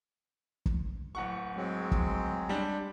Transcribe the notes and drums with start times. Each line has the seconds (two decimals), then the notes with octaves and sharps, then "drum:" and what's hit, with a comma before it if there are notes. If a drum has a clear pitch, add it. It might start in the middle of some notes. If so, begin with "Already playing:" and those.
0.66 drum: kick
1.15 D1 F#5 C#6
1.56 F#3 G#3 C4
1.92 drum: kick
2.49 G3 D4